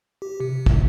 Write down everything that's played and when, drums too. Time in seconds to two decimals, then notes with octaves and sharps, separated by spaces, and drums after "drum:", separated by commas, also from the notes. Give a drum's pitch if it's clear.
0.22 G4
0.40 C3
0.66 drum: kick